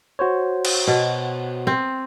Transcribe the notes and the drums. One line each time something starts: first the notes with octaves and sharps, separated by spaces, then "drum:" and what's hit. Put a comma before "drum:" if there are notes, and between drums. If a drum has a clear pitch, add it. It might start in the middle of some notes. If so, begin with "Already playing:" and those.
F#4 C5 C#5
drum: cymbal
B2
C4